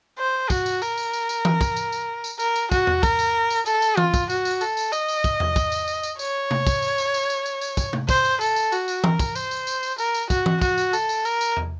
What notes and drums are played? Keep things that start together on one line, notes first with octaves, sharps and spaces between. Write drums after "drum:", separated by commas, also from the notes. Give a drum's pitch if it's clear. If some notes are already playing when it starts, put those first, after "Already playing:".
C5
F#4, drum: kick, tambourine
drum: tambourine
A#4, drum: tambourine
drum: tambourine
drum: tambourine
drum: tambourine
drum: tom E3
drum: kick, tambourine
drum: tambourine
drum: tambourine
drum: tambourine
A#4, drum: tambourine
drum: tambourine
F#4, drum: kick, tambourine
drum: tom E2
A#4, drum: kick, tambourine
drum: tambourine
drum: tambourine
A4, drum: tambourine
drum: tambourine
F4, drum: tom E3
drum: kick, tambourine
F#4, drum: tambourine
drum: tambourine
A4, drum: tambourine
drum: tambourine
D#5, drum: tambourine
drum: tambourine
drum: kick, tambourine
drum: tom E2
drum: kick, tambourine
drum: tambourine
drum: tambourine
drum: tambourine
C#5, drum: tambourine
drum: tom C3
drum: kick, tambourine
drum: tambourine
drum: tambourine
drum: tambourine
drum: tambourine
drum: tambourine
drum: tambourine
drum: kick, tambourine
drum: tom C3
C5, drum: kick, tambourine
drum: tambourine
A4, drum: tambourine
drum: tambourine
F#4, drum: tambourine
drum: tambourine
A#4, drum: tom E3
drum: kick, tambourine
C5, drum: tambourine
drum: tambourine
drum: tambourine
drum: tambourine
A#4, drum: tambourine
drum: tambourine
F#4, drum: kick, tambourine
drum: tom E3
F#4, drum: kick, tambourine
drum: tambourine
A4, drum: tambourine
drum: tambourine
A#4, drum: tambourine
drum: tambourine
drum: tom E2